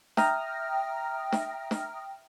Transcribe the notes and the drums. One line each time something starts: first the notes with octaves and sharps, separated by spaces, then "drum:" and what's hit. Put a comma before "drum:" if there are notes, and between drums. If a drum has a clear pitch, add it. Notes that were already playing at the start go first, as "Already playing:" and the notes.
E5 G5 A#5 D#6 F6 A#6, drum: snare
drum: snare
drum: snare